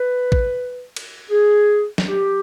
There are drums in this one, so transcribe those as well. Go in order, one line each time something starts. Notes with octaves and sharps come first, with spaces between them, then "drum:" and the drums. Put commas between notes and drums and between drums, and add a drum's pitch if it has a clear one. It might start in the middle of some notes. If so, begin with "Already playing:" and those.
Already playing: B4
drum: kick A1
drum: cymbal
G#4
drum: snare
G4